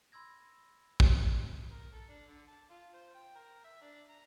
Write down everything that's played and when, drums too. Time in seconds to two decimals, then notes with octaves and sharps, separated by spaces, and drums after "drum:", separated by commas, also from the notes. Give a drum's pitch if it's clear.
0.12 B5 C6 E6 G#6 A#6
1.00 drum: kick
1.72 A#4
1.93 A4
2.09 D4
2.28 D3
2.48 A5
2.70 F4
2.94 C5
3.15 G5
3.36 A#4
3.65 E5
3.82 D4
4.09 A#5